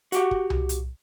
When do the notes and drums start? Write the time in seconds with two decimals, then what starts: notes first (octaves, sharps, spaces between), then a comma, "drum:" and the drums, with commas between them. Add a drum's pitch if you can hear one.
0.12 F#4 G4 F#5, drum: hi-hat
0.31 drum: kick
0.50 drum: tom C2
0.69 drum: hi-hat